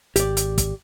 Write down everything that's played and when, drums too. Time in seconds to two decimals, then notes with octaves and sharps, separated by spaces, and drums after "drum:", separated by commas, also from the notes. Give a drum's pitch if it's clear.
0.16 G#1 G4 D5, drum: hi-hat
0.37 drum: hi-hat
0.58 drum: kick, hi-hat